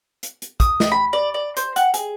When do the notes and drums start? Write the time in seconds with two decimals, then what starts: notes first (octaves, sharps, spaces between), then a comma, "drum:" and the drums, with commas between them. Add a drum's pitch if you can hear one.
0.23 drum: hi-hat
0.42 drum: hi-hat
0.60 D#6, drum: kick, hi-hat
0.80 D#5, drum: snare
0.92 B5
1.13 D5
1.34 D5
1.57 C5, drum: hi-hat
1.76 F#5, drum: hi-hat
1.94 G#4, drum: hi-hat